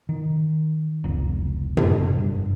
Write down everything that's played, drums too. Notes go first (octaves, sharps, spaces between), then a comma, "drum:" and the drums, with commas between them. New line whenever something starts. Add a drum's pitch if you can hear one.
D#3
F1 C#2
F#1 A2 C#4 D4, drum: tom C3
G2